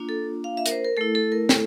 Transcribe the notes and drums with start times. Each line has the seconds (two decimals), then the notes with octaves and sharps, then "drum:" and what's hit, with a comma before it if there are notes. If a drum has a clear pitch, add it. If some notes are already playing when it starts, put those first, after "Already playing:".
Already playing: A#3 D4 F4
0.09 A4
0.44 F5
0.57 E5
0.66 A#4, drum: hi-hat
0.71 C5
0.84 A#4
0.97 A3 E4 A4
1.15 A4
1.32 A#4
1.49 A4, drum: snare